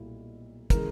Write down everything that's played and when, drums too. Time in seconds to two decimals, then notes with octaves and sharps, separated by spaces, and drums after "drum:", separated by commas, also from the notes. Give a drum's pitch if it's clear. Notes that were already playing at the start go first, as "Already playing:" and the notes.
Already playing: B1 A#2 G3 A#3 E4
0.70 C#3 E3 G#3 A#4, drum: kick, hi-hat